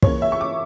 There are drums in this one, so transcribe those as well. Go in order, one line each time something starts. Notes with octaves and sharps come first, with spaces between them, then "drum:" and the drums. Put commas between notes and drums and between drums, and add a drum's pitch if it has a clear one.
C#3 E3 A#3 C#5, drum: kick
E5
C#6
D6